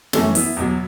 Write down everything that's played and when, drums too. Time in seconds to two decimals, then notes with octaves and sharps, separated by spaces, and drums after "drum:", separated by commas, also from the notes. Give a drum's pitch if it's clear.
0.13 F#2 E3 A3 C#4, drum: snare
0.35 B3 E4, drum: open hi-hat
0.57 E2 B2 F#3